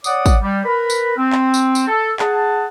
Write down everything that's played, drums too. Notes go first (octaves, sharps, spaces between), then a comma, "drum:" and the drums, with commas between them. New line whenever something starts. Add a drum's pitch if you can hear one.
C#5 D5 F#5 D6 D#6, drum: tambourine
drum: kick, tambourine
G3
A#4 B4 B5
drum: tambourine
C4
drum: clap
drum: tambourine
drum: tambourine
A4
G#4 F#5 A5, drum: clap